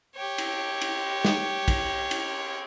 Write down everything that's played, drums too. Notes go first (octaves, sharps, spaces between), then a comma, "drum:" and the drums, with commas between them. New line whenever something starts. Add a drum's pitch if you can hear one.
G4 C#5
drum: cymbal
drum: cymbal
drum: snare
drum: kick, cymbal
drum: cymbal